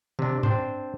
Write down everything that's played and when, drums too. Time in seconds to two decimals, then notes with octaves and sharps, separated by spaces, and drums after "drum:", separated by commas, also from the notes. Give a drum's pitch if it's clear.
0.19 C3 D4, drum: tom
0.43 C4 D4 C5, drum: tom G2